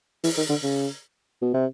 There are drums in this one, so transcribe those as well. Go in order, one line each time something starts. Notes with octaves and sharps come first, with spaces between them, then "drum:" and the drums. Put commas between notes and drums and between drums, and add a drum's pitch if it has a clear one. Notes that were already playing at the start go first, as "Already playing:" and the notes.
E3, drum: open hi-hat
D#3
D3
C#3
B2
C3